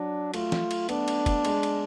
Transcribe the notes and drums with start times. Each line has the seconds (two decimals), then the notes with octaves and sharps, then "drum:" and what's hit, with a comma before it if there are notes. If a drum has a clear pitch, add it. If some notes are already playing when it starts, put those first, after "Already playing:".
Already playing: F#3 D4
0.34 A3 F4, drum: cymbal
0.52 drum: snare
0.71 drum: cymbal
0.89 B3 D4, drum: cymbal
1.08 drum: cymbal
1.26 drum: kick, cymbal
1.45 G#3, drum: cymbal
1.63 drum: cymbal